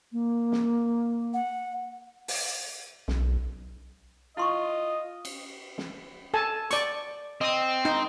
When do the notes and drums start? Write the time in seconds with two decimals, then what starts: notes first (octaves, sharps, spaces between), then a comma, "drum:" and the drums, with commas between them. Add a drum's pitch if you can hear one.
0.12 A#3
0.52 drum: snare
1.34 F#5
2.28 drum: open hi-hat
3.08 B1, drum: snare
4.37 E4 F4 D#5 C6 C#6
5.25 drum: cymbal
5.78 drum: snare
6.34 A4 G#5 A5
6.71 D5 C#6, drum: hi-hat
7.41 C4 D#5 D#6
7.85 D#4, drum: rim click